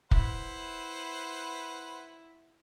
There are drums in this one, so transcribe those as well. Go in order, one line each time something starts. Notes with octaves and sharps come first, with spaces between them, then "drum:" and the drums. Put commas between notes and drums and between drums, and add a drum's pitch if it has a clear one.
E4 B4 C5 F#5, drum: kick